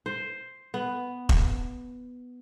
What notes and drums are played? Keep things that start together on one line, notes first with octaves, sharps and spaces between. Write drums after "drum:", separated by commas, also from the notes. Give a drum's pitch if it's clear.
C5
B3
drum: kick E1